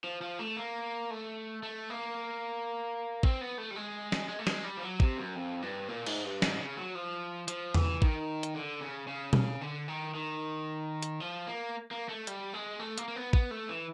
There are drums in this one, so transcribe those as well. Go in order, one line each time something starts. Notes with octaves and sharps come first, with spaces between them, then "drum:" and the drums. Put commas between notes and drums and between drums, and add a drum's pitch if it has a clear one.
F3
F3
A3
A#3
A3
A3
A#3
C4, drum: kick
B3
A3
G3
G#3
drum: snare
G#3
A3
G#3, drum: snare
G3
F3
F#3
C3, drum: kick
F#2
F2
G2
A#2
G#2, drum: cymbal
G2
G#2, drum: snare
C#3
F#3
F3
F3, drum: hi-hat
E3, drum: tom E2
D#3, drum: kick
drum: hi-hat
D3
C#3
C#3
drum: tom B2
D3
D#3
D#3
drum: hi-hat
F3
A#3
A#3
A3
G3, drum: hi-hat
G#3
A3
A#3, drum: hi-hat
A#3
B3
B3, drum: kick
A3
E3